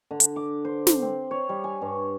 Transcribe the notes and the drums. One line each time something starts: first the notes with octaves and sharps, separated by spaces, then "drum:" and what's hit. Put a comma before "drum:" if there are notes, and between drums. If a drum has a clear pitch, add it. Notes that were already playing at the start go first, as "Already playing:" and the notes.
D3
drum: hi-hat
D6
C5
drum: snare
C4
C#5
G3
G#5
G2